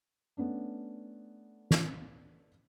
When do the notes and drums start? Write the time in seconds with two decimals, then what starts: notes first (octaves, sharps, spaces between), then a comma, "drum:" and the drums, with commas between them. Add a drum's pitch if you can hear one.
0.37 A3 B3 C#4 D4
1.71 drum: snare